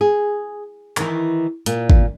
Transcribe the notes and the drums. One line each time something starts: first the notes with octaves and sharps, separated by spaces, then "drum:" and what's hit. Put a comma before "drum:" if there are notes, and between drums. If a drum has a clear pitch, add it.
G#4
D#3 E3, drum: clap
A#2, drum: hi-hat
drum: kick G#1